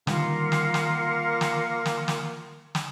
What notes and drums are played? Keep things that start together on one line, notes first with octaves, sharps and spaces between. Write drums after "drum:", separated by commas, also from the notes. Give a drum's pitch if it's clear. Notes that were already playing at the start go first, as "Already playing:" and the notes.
D3 D#3 G3 A#3 F4 A#4 F#5, drum: snare
drum: snare
drum: snare
drum: snare
drum: snare
drum: snare
drum: snare